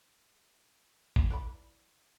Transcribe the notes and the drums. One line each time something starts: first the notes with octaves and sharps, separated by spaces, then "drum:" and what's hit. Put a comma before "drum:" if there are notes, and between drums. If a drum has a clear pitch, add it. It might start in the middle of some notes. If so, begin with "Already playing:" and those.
drum: kick G#1
E3 D5 B5